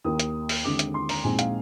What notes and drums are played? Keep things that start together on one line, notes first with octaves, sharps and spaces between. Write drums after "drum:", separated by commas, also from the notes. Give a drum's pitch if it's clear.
D#2 D#3 A#3 D#6
drum: hi-hat
drum: open hi-hat
D#2 D3 G#3 C4 D6
drum: hi-hat
C6
A#5, drum: open hi-hat
A#1 A#2 G#3 C4 D#4 G#5
F5, drum: hi-hat